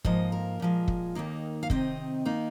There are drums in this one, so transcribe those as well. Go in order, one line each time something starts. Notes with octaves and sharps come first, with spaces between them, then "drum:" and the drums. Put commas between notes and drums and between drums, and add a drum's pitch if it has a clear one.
G#2 F3 A#3 D#5, drum: kick
A#4
A#2 F3 G#3
drum: kick
D#2 D#3 A#3 D#4
F5
C3 D#3 C4 D#4 D#5, drum: kick
D#3 A#3 D#4